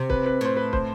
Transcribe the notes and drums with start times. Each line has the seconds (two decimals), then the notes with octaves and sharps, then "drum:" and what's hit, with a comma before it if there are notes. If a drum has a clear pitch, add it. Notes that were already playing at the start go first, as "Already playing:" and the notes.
Already playing: C3
0.10 B4, drum: kick
0.26 B4
0.41 A2 C5
0.57 B4
0.73 C5, drum: kick